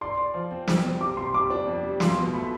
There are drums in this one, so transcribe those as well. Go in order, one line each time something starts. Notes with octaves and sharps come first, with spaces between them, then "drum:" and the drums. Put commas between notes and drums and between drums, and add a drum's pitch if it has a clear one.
D5 C6
D5
F3
C4
C4, drum: snare
C4
C3 D6
G3 C6
G3 D6
D4
F2
G3
F4 C6, drum: snare
B2 C6
A3 B5